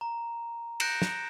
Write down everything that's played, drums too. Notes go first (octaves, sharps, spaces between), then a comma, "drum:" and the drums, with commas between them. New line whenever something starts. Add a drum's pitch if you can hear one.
A#5
F#6 G6 A#6 C#7 D7 E7, drum: cymbal
drum: snare